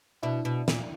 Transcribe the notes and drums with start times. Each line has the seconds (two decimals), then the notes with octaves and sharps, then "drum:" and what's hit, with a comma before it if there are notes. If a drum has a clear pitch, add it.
0.23 B2 D4 E4
0.45 B2
0.68 A#2, drum: snare